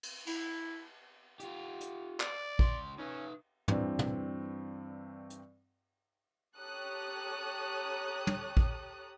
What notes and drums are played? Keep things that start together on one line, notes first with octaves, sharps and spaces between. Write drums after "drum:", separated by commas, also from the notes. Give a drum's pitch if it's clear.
drum: cymbal
E4, drum: cymbal
F4 G4, drum: hi-hat
drum: hi-hat
D5, drum: clap
C#2 C6, drum: kick A1
C#4 D#4 B4
G2 E3 C4 D5, drum: tom
drum: tom
drum: hi-hat
G4 A4 C#5 A#5 D#6 F#6
drum: tom
drum: kick A1